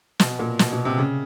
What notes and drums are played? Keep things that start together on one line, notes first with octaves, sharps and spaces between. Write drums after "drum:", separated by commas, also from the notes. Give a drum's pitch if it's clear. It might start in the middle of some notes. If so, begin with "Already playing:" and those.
B2, drum: snare
A#2
B2, drum: snare
B2
C3
C#3